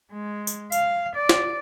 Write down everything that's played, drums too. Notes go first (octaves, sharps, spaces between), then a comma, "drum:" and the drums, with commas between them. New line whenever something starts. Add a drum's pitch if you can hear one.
G#3
drum: tambourine
F5, drum: tambourine
D5
drum: snare